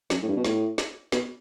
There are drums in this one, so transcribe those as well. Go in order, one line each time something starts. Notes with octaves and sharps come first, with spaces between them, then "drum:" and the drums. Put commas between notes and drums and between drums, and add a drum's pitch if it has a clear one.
F#2, drum: snare
A2
G2
B2
A2, drum: snare
drum: snare
B2, drum: snare